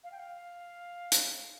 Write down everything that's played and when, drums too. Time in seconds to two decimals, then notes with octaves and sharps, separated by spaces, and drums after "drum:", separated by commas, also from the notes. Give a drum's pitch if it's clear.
0.04 F5
0.12 G5
0.19 F5
1.12 drum: hi-hat